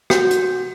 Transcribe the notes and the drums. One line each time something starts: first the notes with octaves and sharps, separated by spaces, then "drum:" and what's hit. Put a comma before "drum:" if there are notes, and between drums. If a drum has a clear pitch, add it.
F#4, drum: rim click
drum: hi-hat